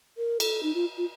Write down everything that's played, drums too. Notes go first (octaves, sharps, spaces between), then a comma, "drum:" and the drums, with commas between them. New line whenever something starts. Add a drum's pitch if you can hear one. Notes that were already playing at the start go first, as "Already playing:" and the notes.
A#4
A4, drum: cymbal
D#4
F4
F4